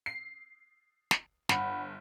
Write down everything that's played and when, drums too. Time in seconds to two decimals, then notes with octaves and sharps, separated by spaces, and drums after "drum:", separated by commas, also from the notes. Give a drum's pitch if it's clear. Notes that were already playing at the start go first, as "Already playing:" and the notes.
0.06 C7
1.11 drum: snare
1.49 G1 F#5 B5, drum: snare